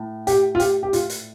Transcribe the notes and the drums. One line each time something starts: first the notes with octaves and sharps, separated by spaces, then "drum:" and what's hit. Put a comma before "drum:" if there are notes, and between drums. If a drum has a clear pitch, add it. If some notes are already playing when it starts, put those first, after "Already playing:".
Already playing: A2
G4, drum: hi-hat
F4
G4, drum: hi-hat
G4
F4, drum: hi-hat
drum: hi-hat